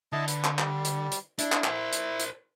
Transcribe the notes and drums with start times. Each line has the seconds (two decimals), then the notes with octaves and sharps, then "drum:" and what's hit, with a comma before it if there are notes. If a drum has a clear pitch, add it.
0.12 D3 E4 D#5 A5
0.28 B4, drum: hi-hat
0.44 drum: clap
0.59 G3, drum: clap
0.85 drum: hi-hat
1.12 drum: hi-hat
1.39 D4 E4, drum: hi-hat
1.52 drum: clap
1.64 A#4 C5, drum: clap
1.93 drum: hi-hat
2.20 drum: hi-hat